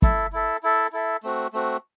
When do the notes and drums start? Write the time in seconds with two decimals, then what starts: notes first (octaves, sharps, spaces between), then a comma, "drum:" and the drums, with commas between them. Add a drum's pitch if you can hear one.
0.02 E4 A4 E5, drum: kick
0.33 E4 A4 E5
0.63 E4 A4 E5
0.92 E4 A4 E5
1.23 A3 C4 F#4
1.53 A3 C4 F#4